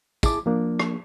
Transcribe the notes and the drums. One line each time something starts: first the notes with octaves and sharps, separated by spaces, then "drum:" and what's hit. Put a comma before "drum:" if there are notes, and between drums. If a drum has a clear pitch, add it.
E4 G#4 A5 D6, drum: kick, tambourine
F3 A#3 D4
drum: rim click